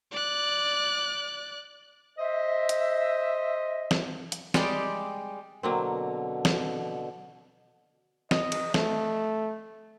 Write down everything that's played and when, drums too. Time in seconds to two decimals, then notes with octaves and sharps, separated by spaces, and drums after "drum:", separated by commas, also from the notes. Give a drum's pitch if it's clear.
0.12 D5 F#6
2.19 C5 D#5 E5
2.69 drum: hi-hat
3.91 drum: snare
4.32 drum: hi-hat
4.54 G3 G#3 G4 D5 D#5 C6, drum: snare
5.63 B2 D3 F#3 A#3 C4
6.45 drum: snare
8.31 D#5, drum: snare
8.52 drum: cymbal
8.74 A3, drum: snare